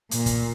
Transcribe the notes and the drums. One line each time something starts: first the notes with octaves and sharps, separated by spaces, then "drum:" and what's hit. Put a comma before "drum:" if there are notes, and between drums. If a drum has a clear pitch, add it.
A#2, drum: hi-hat
drum: kick, hi-hat